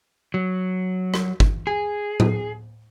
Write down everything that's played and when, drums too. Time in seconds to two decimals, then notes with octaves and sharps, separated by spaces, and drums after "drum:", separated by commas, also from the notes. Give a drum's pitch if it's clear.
0.34 F#3
1.14 drum: rim click
1.40 drum: kick
1.67 G#4
2.20 drum: tom A2